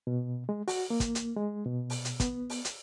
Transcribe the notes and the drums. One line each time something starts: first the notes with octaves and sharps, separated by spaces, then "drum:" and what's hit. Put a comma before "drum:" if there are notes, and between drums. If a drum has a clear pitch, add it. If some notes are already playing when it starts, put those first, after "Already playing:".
B2
G#3
F#4, drum: open hi-hat
A#3
drum: kick, hi-hat
drum: hi-hat
G#3
B2
drum: open hi-hat
drum: hi-hat
B3, drum: kick, hi-hat
drum: open hi-hat
drum: hi-hat